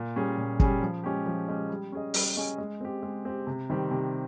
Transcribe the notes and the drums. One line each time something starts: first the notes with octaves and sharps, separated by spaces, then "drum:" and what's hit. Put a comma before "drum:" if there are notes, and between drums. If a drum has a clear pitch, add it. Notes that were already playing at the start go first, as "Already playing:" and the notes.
Already playing: A#2
G3 C#4 G#4
A#2
G3 C#4 G#4, drum: kick
F3
G#3 C#4 G4
F3
G#3 C#4 G4
G3
C#4 G#4 D#5
G3, drum: open hi-hat
C#4 G#4 D#5
G#3
C4 G4
G#3
C4 G4
C3
D#3 G3 C4 G4
C3